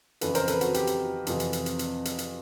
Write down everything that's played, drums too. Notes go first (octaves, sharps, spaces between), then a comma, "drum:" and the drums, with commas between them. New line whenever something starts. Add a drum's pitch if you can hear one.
F2 C#3 E3 A4 B4, drum: hi-hat
A#4 C5, drum: hi-hat
A4 B4, drum: hi-hat
F#4, drum: hi-hat
G4, drum: hi-hat
drum: hi-hat
F2 C3 E3, drum: hi-hat
drum: hi-hat
drum: hi-hat
drum: hi-hat
drum: hi-hat
drum: hi-hat
drum: hi-hat